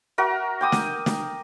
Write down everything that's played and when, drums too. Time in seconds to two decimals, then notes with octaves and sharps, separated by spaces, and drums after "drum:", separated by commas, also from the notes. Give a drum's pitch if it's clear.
0.18 F#4 A#4 E5
0.61 G5 D6 D#6
0.72 drum: snare
1.06 drum: snare